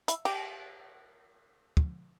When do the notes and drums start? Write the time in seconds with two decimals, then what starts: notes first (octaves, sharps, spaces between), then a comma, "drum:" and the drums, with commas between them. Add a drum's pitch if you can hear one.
0.08 E4, drum: hi-hat
0.25 G4, drum: cymbal
1.77 drum: kick